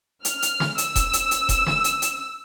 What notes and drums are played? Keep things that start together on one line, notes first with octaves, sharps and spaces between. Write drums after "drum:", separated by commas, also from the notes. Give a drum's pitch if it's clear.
F6, drum: hi-hat
drum: hi-hat
drum: snare
E6, drum: hi-hat
drum: kick E1, hi-hat
drum: hi-hat
drum: hi-hat
drum: kick E1, hi-hat
drum: snare
drum: hi-hat
drum: hi-hat